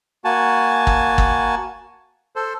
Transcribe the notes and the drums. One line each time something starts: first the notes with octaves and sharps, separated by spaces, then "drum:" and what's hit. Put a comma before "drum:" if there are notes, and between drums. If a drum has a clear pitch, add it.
A#3 F#4 G#5 A5
drum: kick
drum: kick
A4 C5